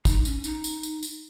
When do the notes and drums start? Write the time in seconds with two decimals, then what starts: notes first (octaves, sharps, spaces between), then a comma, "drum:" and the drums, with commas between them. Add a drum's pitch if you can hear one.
0.05 D#4, drum: kick, tambourine
0.25 C#4, drum: tambourine
0.44 D#4, drum: tambourine
0.64 drum: tambourine
0.83 drum: tambourine
1.03 drum: tambourine